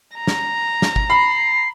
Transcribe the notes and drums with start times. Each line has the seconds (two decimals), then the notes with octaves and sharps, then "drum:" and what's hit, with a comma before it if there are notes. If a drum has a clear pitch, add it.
0.15 A#5
0.27 drum: snare
0.82 drum: snare
0.96 drum: kick G1
1.10 B5 C7